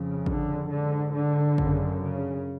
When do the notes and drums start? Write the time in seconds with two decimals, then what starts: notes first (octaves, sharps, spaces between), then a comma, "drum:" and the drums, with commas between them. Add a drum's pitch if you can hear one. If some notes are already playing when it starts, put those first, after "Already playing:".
Already playing: F2 C#3
0.26 D3, drum: kick
0.70 G#2 D3
1.14 D3
1.58 F#2 C#3, drum: kick
2.01 C#3